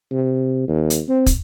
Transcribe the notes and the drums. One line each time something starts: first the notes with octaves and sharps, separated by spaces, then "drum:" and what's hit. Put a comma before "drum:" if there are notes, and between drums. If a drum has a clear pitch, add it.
C3
D#2
drum: hi-hat
C4
drum: kick, hi-hat